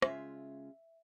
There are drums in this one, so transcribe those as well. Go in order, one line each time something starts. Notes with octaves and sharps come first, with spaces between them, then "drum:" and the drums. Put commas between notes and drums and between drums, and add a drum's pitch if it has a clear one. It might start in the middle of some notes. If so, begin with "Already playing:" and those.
C#3 G#3 F4 E5, drum: rim click